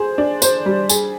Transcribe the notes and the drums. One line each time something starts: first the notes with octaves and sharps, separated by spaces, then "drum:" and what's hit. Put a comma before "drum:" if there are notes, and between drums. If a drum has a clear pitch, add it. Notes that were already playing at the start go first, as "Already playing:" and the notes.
Already playing: G#4 C5
D4
C5, drum: tambourine
G3
G#4, drum: tambourine